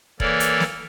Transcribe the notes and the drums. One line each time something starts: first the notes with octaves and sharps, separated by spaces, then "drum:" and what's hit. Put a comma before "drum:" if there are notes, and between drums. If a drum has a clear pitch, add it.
E3 A#3 A4 A#4 C#5 D5, drum: kick E1
drum: hi-hat
drum: snare